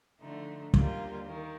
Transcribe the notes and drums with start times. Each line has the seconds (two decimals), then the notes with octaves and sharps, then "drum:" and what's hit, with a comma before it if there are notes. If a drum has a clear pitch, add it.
0.21 D3 F3 A3 D#4
0.74 D#2 D3 G3 A#3 F4, drum: kick
1.26 D#3 A#3